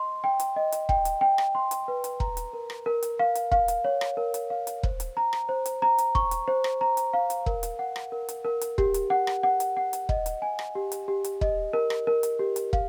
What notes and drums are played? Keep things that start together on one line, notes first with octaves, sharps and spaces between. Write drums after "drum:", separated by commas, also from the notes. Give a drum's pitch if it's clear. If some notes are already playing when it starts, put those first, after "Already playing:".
Already playing: D#5 C6
G5
drum: hi-hat
D#5
drum: hi-hat
G5, drum: kick
drum: hi-hat
G5
drum: rim click
C6
drum: hi-hat
B4
drum: hi-hat
A#5, drum: kick
drum: hi-hat
A#4
drum: rim click
A#4
drum: hi-hat
F5
drum: hi-hat
F5, drum: kick
drum: hi-hat
C#5
drum: rim click
A#4
drum: hi-hat
F5
drum: hi-hat
C5, drum: kick
drum: hi-hat
A#5
drum: rim click
C5
drum: hi-hat
A#5
drum: hi-hat
C#6, drum: kick
drum: hi-hat
C5
drum: rim click
A#5
drum: hi-hat
F5
drum: hi-hat
A#4, drum: kick
drum: hi-hat
F#5
drum: rim click
A#4
drum: hi-hat
A#4
drum: hi-hat
G4, drum: kick
drum: hi-hat
F#5
drum: rim click
F#5
drum: hi-hat
F#5
drum: hi-hat
D#5, drum: kick
drum: hi-hat
G#5
drum: rim click
G4
drum: hi-hat
G4
drum: hi-hat
D#5, drum: kick
A#4
drum: rim click
A#4
drum: hi-hat
G4
drum: hi-hat
F5, drum: kick